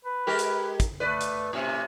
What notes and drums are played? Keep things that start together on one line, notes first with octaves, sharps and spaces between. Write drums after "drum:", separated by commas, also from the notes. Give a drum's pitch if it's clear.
B4
G#3 G4 A#4
drum: hi-hat
drum: kick, hi-hat
A3 B4 D5
drum: hi-hat
A2 C3 C#4